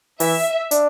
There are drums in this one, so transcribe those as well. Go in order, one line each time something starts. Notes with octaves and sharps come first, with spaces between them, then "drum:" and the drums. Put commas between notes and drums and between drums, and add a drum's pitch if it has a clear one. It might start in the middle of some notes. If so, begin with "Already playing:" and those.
E3 E5, drum: open hi-hat
D4, drum: hi-hat